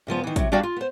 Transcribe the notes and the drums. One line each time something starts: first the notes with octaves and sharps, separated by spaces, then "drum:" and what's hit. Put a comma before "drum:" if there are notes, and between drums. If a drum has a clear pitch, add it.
G2 C#3 F3 B3
D#3 E3
C3 F#3, drum: kick, hi-hat
G3 D4 F#4 D5 F5 G5
F4
B3 C5